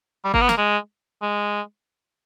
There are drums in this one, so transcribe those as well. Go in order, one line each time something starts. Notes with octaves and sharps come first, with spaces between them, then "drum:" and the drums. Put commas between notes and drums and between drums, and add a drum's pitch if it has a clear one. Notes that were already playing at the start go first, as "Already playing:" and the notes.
G3
A#3, drum: kick G1
B3
A#3, drum: snare
G#3
G#3